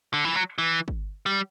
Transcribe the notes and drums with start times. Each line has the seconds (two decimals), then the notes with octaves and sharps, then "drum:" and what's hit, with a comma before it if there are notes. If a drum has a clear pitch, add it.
0.14 D3
0.25 E3
0.35 F#3
0.58 E3
0.88 drum: kick
1.26 G3